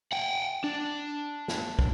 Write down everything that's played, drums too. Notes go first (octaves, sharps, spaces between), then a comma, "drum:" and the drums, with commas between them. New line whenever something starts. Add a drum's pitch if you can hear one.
F#5 G5
D4
drum: snare
drum: kick